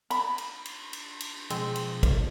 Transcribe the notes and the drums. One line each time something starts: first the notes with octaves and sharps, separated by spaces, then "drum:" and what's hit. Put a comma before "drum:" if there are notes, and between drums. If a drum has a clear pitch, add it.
B5, drum: cymbal
drum: cymbal
drum: cymbal
drum: cymbal
drum: cymbal
B2 F3 G#3 C4, drum: cymbal
drum: cymbal
drum: kick, cymbal